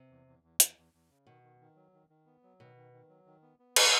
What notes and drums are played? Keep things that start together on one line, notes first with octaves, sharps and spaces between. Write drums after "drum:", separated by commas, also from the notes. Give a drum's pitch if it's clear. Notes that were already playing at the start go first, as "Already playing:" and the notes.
Already playing: C3
E2
E2
E2
E2, drum: hi-hat
E2
E2
C#3
B2 D#3
D#3
D#3
F#3
D#3
D#3
B3
F#3
B2 D#3
D#3
D#3
F#3
D#3
B3
B3
D#3, drum: cymbal